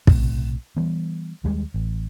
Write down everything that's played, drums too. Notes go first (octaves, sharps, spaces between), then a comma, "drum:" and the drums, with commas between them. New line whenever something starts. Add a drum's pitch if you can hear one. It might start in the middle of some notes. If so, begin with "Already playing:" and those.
B1 A2 C3, drum: kick
E3 G3 B3
D#2 G3 G#3
A1